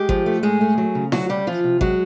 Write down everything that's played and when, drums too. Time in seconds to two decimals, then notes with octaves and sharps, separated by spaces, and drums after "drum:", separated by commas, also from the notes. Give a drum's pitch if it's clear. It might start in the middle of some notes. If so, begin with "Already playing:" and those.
Already playing: G#3 G4
0.09 F3, drum: kick G#1
0.26 A3
0.43 A2 G#3 G#4
0.61 A3
0.78 F#3
0.95 C#3
1.12 D2 F#3 F#4, drum: snare E4
1.29 C#3 G3 G4
1.47 E3 F3 F4
1.64 C3
1.81 F#3 G#3 F#4, drum: kick G#1